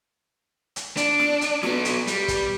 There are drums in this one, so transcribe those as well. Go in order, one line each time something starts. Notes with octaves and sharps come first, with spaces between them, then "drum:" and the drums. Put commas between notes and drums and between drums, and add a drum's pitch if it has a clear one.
drum: hi-hat
D4, drum: hi-hat
drum: snare
drum: hi-hat
F#3 B3, drum: snare
drum: hi-hat
G3, drum: hi-hat
drum: kick, hi-hat